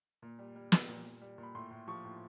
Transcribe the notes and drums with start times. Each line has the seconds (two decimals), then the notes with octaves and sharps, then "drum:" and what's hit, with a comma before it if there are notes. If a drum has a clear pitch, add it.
0.22 A#2
0.39 G3
0.56 G3
0.72 G3, drum: snare
0.89 A#2
1.06 A#2
1.21 G3
1.38 A#2
1.43 B5
1.55 A2 C6
1.71 A2
1.88 F3 C#6
2.05 A2